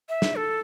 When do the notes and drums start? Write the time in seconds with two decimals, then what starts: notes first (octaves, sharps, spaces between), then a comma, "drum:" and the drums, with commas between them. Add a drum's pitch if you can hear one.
0.09 E5
0.22 drum: snare
0.36 A4